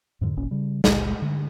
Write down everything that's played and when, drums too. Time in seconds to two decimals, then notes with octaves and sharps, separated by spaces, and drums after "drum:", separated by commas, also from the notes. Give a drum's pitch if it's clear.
0.21 F2 G#2 B2 D3
0.36 D#1 G#1 A#2 C#4
0.51 C#3 G3
0.84 G1 C#2 A#2 G#3, drum: snare
1.22 D3